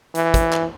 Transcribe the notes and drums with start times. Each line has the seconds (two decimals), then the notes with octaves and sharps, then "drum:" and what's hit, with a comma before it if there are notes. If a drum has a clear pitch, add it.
0.15 E3, drum: hi-hat
0.34 drum: kick, hi-hat
0.53 drum: clap